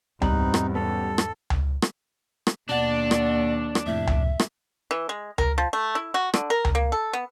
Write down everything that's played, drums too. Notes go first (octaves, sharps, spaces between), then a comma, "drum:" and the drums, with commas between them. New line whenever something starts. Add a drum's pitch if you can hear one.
E2 G#2 G3 C4 D#4 B5 F#6, drum: tom C#2
drum: rim click
B3 C#4 G4 A4
drum: rim click
drum: tom C#2
drum: rim click
drum: rim click
D#2 B2 D4 D5 F#5
drum: rim click
drum: rim click
F2 A2 C3 E5
drum: tom C#2
drum: rim click
E3
G#3
A#4, drum: tom C#2
F3
A3
E4
F#4
D3, drum: rim click
A#4
drum: tom C#2
A#3
A4
B3